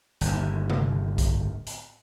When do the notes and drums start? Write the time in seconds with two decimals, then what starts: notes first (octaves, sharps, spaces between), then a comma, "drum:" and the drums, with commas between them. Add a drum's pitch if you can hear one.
0.21 G1 D#2, drum: hi-hat
0.70 drum: tom C3
1.18 drum: kick B1, hi-hat
1.67 drum: hi-hat